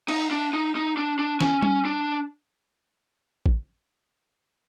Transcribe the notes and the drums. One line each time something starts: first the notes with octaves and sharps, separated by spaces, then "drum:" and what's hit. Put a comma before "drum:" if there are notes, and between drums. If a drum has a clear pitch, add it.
D#4, drum: cymbal
D4
D#4
D#4
D4
D4
C#4, drum: snare
C#4, drum: tom G3
D4
drum: kick A1